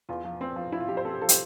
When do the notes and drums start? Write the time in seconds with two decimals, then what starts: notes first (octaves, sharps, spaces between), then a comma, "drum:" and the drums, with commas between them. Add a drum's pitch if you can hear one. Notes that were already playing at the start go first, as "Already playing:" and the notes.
0.09 E2 F4
0.24 F3
0.41 C4
0.56 F3
0.72 F3 E4
0.80 F4
0.88 F3 G4
0.97 C5
1.05 C4 A4
1.13 G4
1.21 F3 A4
1.29 G4, drum: hi-hat